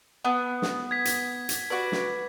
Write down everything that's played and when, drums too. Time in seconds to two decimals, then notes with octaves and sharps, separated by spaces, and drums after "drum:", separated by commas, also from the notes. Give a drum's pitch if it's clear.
0.25 B3 F#5 D#6
0.62 drum: snare
0.91 G#6 B6
1.05 drum: hi-hat
1.49 drum: hi-hat
1.70 F#4 B4 D5
1.92 drum: snare